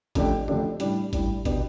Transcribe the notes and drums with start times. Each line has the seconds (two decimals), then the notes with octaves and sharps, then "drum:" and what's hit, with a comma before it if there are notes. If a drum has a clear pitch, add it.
0.15 F2 D3 A3 D4 G4, drum: kick G#1, hi-hat
0.48 F2 D3 A3 D4 G4, drum: tom D#3
0.80 A2 G3 D4, drum: hi-hat
1.13 A2 G3 D4, drum: kick G#1, hi-hat
1.45 B2 B3 D4 G4 D5, drum: kick G#1, hi-hat